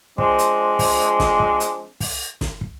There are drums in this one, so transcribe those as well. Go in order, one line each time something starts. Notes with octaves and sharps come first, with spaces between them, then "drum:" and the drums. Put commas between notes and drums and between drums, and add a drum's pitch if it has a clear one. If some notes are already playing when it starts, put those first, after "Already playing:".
F3 G#3 C4 D4, drum: kick
drum: hi-hat
drum: kick, open hi-hat
drum: snare
drum: kick
drum: hi-hat
drum: kick, open hi-hat
drum: snare
drum: kick